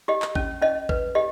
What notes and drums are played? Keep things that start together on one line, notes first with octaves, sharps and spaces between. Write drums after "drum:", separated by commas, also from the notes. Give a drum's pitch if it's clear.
G4 D#5
drum: clap
C#4, drum: kick A1
C#4 D#5
B4, drum: kick A1
G4 D#5